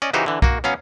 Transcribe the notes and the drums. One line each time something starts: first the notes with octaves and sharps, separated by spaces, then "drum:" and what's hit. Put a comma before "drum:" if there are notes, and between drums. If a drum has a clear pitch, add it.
C#4 D5 D#5
C#3 E3 D#4 F#4 G4 C5
D3 E3
A#3 F#4, drum: kick B1
F#3 B3 C#4 F5